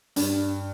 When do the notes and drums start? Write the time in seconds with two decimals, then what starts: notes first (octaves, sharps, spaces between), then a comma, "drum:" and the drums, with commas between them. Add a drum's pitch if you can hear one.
0.16 G2, drum: hi-hat